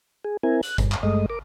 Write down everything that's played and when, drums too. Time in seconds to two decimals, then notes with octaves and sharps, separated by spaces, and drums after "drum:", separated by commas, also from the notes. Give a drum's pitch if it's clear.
0.25 G#4
0.43 C4 E4 A#4 G#5
0.63 F#6, drum: hi-hat
0.78 G2, drum: kick F#1, hi-hat
0.92 drum: clap
1.03 G2 G#3 A3 D#5
1.30 A#4 D6